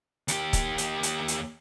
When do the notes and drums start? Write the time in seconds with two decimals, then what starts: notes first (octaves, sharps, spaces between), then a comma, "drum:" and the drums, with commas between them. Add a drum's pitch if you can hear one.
0.28 D#2 G4, drum: hi-hat
0.53 drum: kick, hi-hat
0.78 drum: hi-hat
1.03 drum: hi-hat
1.28 drum: hi-hat